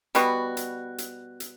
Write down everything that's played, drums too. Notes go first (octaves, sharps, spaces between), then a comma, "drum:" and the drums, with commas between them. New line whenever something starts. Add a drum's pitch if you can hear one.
B2 G3 B3 F#4, drum: hi-hat
drum: hi-hat
drum: hi-hat
drum: hi-hat